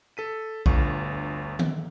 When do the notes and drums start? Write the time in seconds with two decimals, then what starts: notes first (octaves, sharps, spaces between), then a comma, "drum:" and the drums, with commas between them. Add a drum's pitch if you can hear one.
0.17 A4 B6 D#7
0.66 G1 D2 F4 C#6, drum: kick A#1
1.59 drum: tom D#3